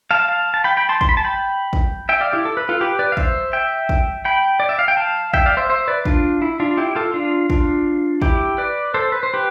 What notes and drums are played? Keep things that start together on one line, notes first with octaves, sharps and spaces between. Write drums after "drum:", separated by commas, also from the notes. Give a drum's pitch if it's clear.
F5 A5
F5 A5
A5
G5 B5
G5 B5
A5 C6
C6, drum: kick
B5
A5
G5 B5
drum: kick
E5 G5
D5 F5
E4 G4
A4
B4
F4 A4
G4 B4
B4 D5
F5
C5 E5, drum: kick
E5 G5
drum: kick
G5 B5
D5
E5
F5
G5
F5 A5
E5 G5, drum: kick
D5 F5
C5 E5
C5 E5
B4 D5
D4 F4, drum: kick
E4
D4 F4
E4 G4
F4 A4
D4 F4
D4 F4, drum: kick
E4 G4, drum: kick
B4 D5
A4 C5
B4
C5
G4 B4